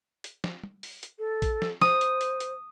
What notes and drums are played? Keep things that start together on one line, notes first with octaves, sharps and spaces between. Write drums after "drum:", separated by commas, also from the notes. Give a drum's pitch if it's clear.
drum: hi-hat
drum: snare
drum: tom
drum: open hi-hat
drum: hi-hat
A4
drum: kick, hi-hat
drum: snare
C5 D#6, drum: snare
drum: hi-hat
drum: hi-hat
drum: hi-hat